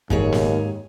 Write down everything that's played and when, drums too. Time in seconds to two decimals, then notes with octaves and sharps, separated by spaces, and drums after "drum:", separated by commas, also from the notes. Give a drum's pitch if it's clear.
0.10 D#2 G#2 G#4 C#5, drum: kick
0.32 drum: snare